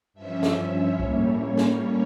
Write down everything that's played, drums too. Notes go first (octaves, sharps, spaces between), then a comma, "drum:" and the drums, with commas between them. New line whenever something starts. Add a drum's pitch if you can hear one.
G2 F3 C#4 E5
drum: snare
C#5
A2 G3 A#3 C#4 C#5, drum: kick C2
drum: snare